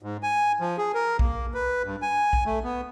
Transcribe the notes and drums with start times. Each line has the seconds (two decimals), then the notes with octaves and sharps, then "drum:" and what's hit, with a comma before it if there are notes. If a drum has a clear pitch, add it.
0.03 G#2
0.23 G#5
0.60 F3
0.78 G#4
0.95 A#4
1.19 A#3, drum: kick A#1
1.54 B4
1.84 G2
2.02 G#5
2.33 drum: kick A#1
2.46 A3
2.64 B3